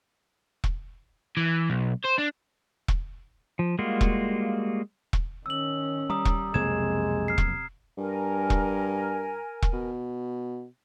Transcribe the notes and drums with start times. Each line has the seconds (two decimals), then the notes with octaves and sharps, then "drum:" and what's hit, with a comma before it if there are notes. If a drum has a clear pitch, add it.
0.64 drum: kick E1
1.37 E3
1.70 B1
2.04 C5
2.18 D4
2.88 drum: kick E1
3.59 F3
3.79 G3 G#3 A#3 F4 F#4
4.01 drum: kick E1
5.13 drum: kick E1
5.46 D#3 C#4 E6 F#7
6.10 G3 A#5 D#6
6.25 drum: kick E1
6.54 B1 F2 C3 G#3 A#3 G#6 E7
7.28 F6 C7
7.38 drum: kick E1
7.98 G2 A#4 G#5
8.50 drum: kick E1
9.62 drum: kick E1
9.73 B2